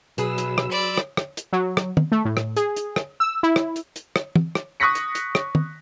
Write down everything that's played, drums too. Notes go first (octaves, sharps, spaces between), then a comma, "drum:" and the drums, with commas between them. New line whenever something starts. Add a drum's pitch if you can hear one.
B1 F#3 G#4 B4 E6, drum: hi-hat
drum: hi-hat
drum: rim click
D5 B5 C6
drum: rim click
drum: rim click
drum: hi-hat
F#3
drum: rim click
drum: tom
A3
A2
drum: rim click
G#4, drum: hi-hat
drum: hi-hat
drum: rim click
E6
E4
drum: rim click
drum: hi-hat
drum: hi-hat
drum: rim click
drum: tom
drum: rim click
C#6 D#6 F#6 A#6 B6 C#7
drum: hi-hat
drum: hi-hat
drum: rim click
drum: tom